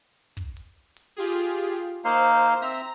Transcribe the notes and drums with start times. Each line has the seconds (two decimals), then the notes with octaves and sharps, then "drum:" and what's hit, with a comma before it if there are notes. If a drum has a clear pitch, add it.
0.37 drum: kick
0.57 drum: hi-hat
0.97 drum: hi-hat
1.16 F4 G4 G#4
1.36 drum: hi-hat
1.76 drum: hi-hat
2.04 A#3 D#4 C5 F5
2.62 C4 E5 A#5